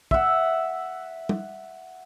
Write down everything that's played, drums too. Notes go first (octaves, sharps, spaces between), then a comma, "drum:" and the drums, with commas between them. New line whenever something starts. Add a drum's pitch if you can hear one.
E5 F#5, drum: kick
drum: tom G3